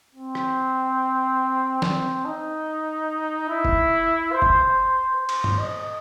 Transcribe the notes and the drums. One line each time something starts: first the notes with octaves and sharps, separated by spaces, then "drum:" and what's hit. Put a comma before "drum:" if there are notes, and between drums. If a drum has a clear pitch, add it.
C4
drum: rim click
C4, drum: snare
D#4
E4
drum: kick
C5
drum: kick
C5
drum: cymbal
drum: tom G2
D#5